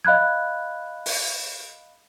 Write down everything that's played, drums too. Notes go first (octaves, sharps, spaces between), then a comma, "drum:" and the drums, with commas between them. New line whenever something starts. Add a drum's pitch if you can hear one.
D#5 F5 B5 F#6 G#6
drum: open hi-hat